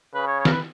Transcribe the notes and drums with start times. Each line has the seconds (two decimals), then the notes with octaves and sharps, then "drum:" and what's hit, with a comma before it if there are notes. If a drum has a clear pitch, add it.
0.14 C#3 B4
0.28 C#5
0.40 C#5
0.45 A#4, drum: snare
0.51 B4